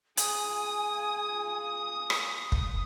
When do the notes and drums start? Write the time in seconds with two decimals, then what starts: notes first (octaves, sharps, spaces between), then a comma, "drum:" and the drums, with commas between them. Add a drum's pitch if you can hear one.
0.17 F4 G#4 G#5 D#6, drum: hi-hat
2.10 drum: rim click
2.52 drum: kick